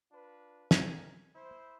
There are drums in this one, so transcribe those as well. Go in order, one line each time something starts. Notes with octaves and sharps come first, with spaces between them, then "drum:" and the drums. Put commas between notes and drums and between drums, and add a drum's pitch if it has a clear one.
D4 F4 B4
F2 A#4 G#5, drum: snare
E4 C5